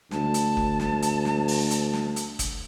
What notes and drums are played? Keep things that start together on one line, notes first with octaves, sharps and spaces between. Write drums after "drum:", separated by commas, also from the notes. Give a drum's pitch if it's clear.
D2 A5, drum: snare
drum: hi-hat
drum: kick F#1
drum: snare
drum: hi-hat
drum: snare
drum: open hi-hat
drum: hi-hat
drum: snare
drum: hi-hat
drum: kick F#1, hi-hat